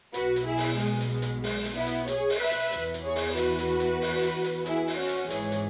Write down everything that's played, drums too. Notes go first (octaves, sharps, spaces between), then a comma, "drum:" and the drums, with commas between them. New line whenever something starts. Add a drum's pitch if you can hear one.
B1 B2 F#4 B4, drum: hi-hat
drum: hi-hat
E4 G#4
drum: open hi-hat
G#3, drum: hi-hat
drum: hi-hat
G#3
drum: hi-hat
G#3, drum: open hi-hat
drum: hi-hat
B3 E4
drum: hi-hat
G#4 C#5, drum: hi-hat
drum: open hi-hat
B4 E5
drum: hi-hat
E2 E3, drum: hi-hat
drum: hi-hat
G#4 C#5
drum: open hi-hat
F#4 B4, drum: hi-hat
drum: hi-hat
drum: hi-hat
drum: open hi-hat
drum: hi-hat
drum: hi-hat
E4 G#4, drum: hi-hat
drum: open hi-hat
C#4 F#4
drum: hi-hat
G#1 G#2 E3 G#4 C#5, drum: hi-hat
drum: hi-hat